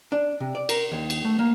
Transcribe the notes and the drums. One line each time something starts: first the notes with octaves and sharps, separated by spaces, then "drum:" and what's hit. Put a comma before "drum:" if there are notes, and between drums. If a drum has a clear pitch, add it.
D4
C3
D5
A#4, drum: cymbal
D#2
drum: cymbal
A3
A#3